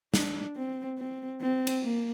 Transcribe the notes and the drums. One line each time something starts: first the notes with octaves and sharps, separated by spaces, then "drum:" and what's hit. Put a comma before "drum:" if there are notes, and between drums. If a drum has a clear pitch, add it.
D4, drum: snare
C4
C4
C4
drum: cymbal
A#3